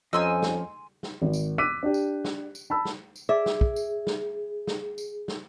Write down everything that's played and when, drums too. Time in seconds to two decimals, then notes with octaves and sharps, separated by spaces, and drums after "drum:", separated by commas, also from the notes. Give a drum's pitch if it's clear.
0.13 F2 F3 C#4 D#5 G#5 A#5 C6 E6
0.42 drum: snare
1.03 drum: snare
1.22 G#1
1.33 drum: tambourine
1.58 D6 E6 F#6 B6 D#7
1.83 D4 G4
1.94 drum: tambourine
2.25 drum: snare
2.55 drum: tambourine
2.70 A5 B5 E6
2.85 drum: snare
3.16 drum: tambourine
3.29 G#4 D5 E5
3.46 drum: snare
3.61 drum: kick
3.76 drum: tambourine
4.07 drum: snare
4.67 drum: snare
4.98 drum: tambourine
5.28 drum: snare